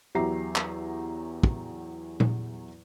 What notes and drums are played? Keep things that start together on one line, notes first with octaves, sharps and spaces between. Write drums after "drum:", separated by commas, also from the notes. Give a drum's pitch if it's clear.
E2 F#3 G4 E5 A#5 C7
drum: clap
drum: kick
drum: tom A#2